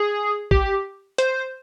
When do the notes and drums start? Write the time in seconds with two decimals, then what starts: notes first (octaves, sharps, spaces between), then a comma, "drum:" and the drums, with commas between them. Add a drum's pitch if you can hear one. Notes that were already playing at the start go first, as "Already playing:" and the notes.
Already playing: G#4
0.51 G4, drum: kick
1.18 C5, drum: hi-hat